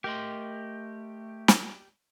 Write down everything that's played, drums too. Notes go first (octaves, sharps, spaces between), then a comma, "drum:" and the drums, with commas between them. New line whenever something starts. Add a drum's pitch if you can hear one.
A3 G4 A#4 D#5 C6
drum: snare